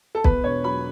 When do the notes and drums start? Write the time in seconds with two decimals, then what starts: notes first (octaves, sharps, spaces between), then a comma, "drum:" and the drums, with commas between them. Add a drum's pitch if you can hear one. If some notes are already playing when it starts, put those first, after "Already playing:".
0.15 A4
0.24 E2 B4, drum: kick B1
0.44 E1 C#5
0.64 F#3 B5